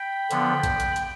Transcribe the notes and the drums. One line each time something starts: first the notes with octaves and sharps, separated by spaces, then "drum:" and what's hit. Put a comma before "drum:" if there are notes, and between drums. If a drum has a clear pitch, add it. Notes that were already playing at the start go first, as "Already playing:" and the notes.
Already playing: G5 B5
D3 F3 B3, drum: hi-hat
drum: kick, hi-hat
drum: hi-hat
drum: hi-hat